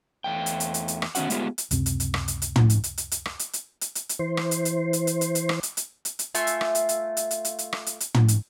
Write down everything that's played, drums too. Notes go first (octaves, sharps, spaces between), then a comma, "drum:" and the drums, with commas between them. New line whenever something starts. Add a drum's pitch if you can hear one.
E2 A3 G5
drum: hi-hat
drum: hi-hat
drum: hi-hat
drum: hi-hat
drum: rim click
D#3 B3 C#4 F#4 F#5, drum: hi-hat
G#3 A3 B3 F4 G4 G#4, drum: hi-hat
drum: hi-hat
C#2 F#2 C3 C4, drum: hi-hat
drum: hi-hat
drum: hi-hat
drum: rim click
drum: hi-hat
drum: hi-hat
drum: tom
drum: hi-hat
drum: hi-hat
drum: hi-hat
drum: hi-hat
drum: rim click
drum: hi-hat
drum: hi-hat
drum: hi-hat
drum: hi-hat
drum: hi-hat
E3 C5
drum: rim click
drum: hi-hat
drum: hi-hat
drum: hi-hat
drum: hi-hat
drum: hi-hat
drum: hi-hat
drum: rim click
drum: hi-hat
drum: hi-hat
drum: hi-hat
drum: hi-hat
A3 F4 E5 G#5, drum: hi-hat
drum: hi-hat
drum: rim click
drum: hi-hat
drum: hi-hat
drum: hi-hat
drum: hi-hat
drum: hi-hat
drum: hi-hat
drum: rim click
drum: hi-hat
drum: hi-hat
drum: tom
drum: hi-hat